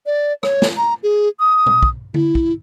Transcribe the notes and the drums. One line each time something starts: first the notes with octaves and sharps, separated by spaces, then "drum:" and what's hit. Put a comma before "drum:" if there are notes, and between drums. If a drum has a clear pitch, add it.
D5
C#5, drum: rim click
drum: snare
A#5
G#4
D#6
drum: tom A#2
drum: kick
E4, drum: tom D3
drum: kick